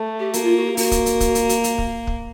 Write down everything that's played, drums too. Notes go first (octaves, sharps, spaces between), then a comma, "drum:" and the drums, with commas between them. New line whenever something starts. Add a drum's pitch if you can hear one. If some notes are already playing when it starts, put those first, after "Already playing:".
Already playing: A3
G4
A#3 F#4, drum: hi-hat
F4
F#4
G4
A#3 F#4, drum: open hi-hat
drum: kick, hi-hat
drum: hi-hat
drum: kick, hi-hat
drum: hi-hat
drum: hi-hat
drum: hi-hat
drum: kick
drum: kick